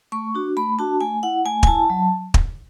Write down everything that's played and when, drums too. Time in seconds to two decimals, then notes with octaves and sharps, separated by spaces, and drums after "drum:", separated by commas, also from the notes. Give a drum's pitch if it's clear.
0.12 A3 C#6
0.35 D4 F#4
0.57 A3 B5
0.79 D4 F#4 A5
1.01 A3 G#5
1.23 E4 F#5
1.45 A3 G#5
1.63 G#5, drum: kick
1.67 E4 A5
1.90 F#3
2.34 drum: kick